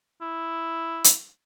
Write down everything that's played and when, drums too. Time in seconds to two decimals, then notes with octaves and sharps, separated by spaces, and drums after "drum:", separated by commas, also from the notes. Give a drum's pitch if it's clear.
0.21 E4
1.04 drum: hi-hat